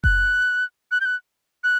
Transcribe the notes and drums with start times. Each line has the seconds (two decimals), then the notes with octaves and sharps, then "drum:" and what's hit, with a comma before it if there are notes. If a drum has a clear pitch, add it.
0.04 F#6, drum: kick F#1
0.91 F#6
1.01 G6
1.05 F#6
1.64 F#6